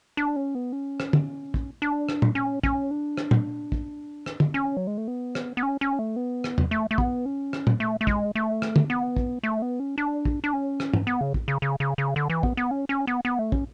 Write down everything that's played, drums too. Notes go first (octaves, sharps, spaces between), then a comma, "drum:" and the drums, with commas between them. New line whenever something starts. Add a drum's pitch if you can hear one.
D4
C#4
B3
C#4
drum: rim click
drum: tom
drum: kick
D4
drum: rim click
drum: tom
C#4
C#4, drum: kick
D4
drum: rim click
drum: tom
drum: kick
drum: rim click
drum: tom
C#4
F#3
G#3
A3
B3
drum: rim click
B3
C#4
C#4
A3
B3
drum: rim click
drum: tom
A3
A3
B3, drum: kick
C#4
drum: rim click
drum: tom
A3
A3
G#3, drum: kick
A3
drum: rim click
drum: tom
B3
drum: kick
A3
B3
C#4
D4
drum: kick
D4
C#4
drum: rim click
drum: tom
B3
C#3
drum: kick
C#3
C#3
C#3
C#3
D3
E3
B3, drum: kick
B3
C#4
C#4
B3
B3
A3
C#4, drum: kick